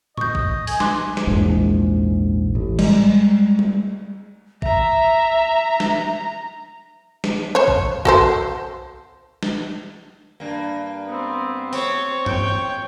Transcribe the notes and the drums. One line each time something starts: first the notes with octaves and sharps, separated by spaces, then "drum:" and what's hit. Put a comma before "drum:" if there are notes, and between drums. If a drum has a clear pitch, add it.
D#5 C#6 G6, drum: tom A2
drum: kick
G#5, drum: open hi-hat
C6 D6 F#6, drum: snare
drum: snare
A#1 E2 G#2
A1
G3 G#3, drum: cymbal
drum: tom G#3
E5 A#5, drum: kick
drum: snare
drum: snare
C5 C#5
drum: kick
F#4 A4 C5, drum: kick
drum: snare
G2 A#3
B3 C4
C4 C#5, drum: open hi-hat
C#5 G5, drum: tom G2